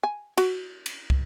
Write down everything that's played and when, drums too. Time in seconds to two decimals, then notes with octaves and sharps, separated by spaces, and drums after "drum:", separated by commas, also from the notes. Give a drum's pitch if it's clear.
0.03 G#5
0.38 F#4, drum: cymbal
0.86 drum: cymbal
1.10 drum: kick